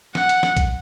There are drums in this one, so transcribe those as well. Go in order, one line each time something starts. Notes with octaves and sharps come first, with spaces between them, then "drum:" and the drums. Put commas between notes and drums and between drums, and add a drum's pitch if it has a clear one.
F#5, drum: snare
drum: hi-hat
drum: snare
drum: kick B1, hi-hat